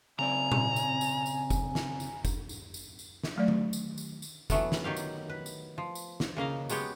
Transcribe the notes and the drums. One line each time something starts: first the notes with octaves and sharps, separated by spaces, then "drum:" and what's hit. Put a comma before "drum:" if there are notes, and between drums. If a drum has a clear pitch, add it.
C#3 C4 D5 G#5 A#5
drum: tom A#2
drum: tambourine
drum: tambourine
drum: tambourine
drum: kick F#1, tambourine
drum: snare
drum: tambourine
drum: kick F#1, tambourine
drum: tambourine
drum: tambourine
drum: tambourine
drum: snare
F#3 A3 D5
drum: tom D#3
drum: tambourine
drum: tambourine
drum: tambourine
E3 F#3 A3 B3, drum: kick F#1, tambourine
drum: snare
D#3 F#3 G4 F5
drum: tambourine
B4
drum: tambourine
F3
drum: tambourine
drum: snare
C#3 A#3 D#5 F5
F#3 G#3 B3 G4 C#5, drum: tambourine